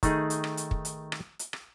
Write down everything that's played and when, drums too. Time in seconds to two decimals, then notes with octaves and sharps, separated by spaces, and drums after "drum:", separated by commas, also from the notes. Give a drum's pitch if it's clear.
0.03 D#3 A3 D#4 G#4, drum: kick, hi-hat
0.30 drum: hi-hat
0.44 drum: rim click
0.57 drum: hi-hat
0.71 drum: kick
0.85 drum: hi-hat
1.12 drum: rim click
1.39 drum: hi-hat
1.53 drum: rim click